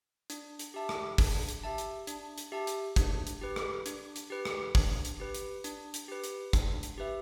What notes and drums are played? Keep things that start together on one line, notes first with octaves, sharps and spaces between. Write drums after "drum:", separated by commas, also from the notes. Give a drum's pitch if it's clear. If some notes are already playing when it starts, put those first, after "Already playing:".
D4, drum: hi-hat
drum: hi-hat
G4 E5 A5
drum: rim click
D4, drum: kick, open hi-hat
drum: hi-hat
G4 E5 A5
drum: hi-hat
D4, drum: hi-hat
drum: hi-hat
G4 E5 A5
drum: hi-hat
D4, drum: kick, hi-hat
drum: hi-hat
G4 B4
drum: rim click
D4, drum: hi-hat
drum: hi-hat
G4 B4
drum: rim click
D4, drum: kick, open hi-hat
drum: hi-hat
G4 B4
drum: hi-hat
D4, drum: hi-hat
drum: hi-hat
G4 B4
drum: hi-hat
D4, drum: kick, hi-hat
drum: hi-hat
G4 B4 E5